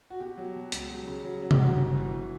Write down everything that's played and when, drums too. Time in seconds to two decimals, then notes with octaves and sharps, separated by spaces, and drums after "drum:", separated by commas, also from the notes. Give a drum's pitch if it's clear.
0.10 F#4
0.20 B2 G4
0.38 F#3
0.55 B2
0.72 C#2, drum: hi-hat
0.91 F#3
1.07 C#3
1.25 F#3
1.42 F#3
1.51 G4, drum: tom C3
1.60 G1 F#4
1.76 G1
1.95 E3
2.12 E3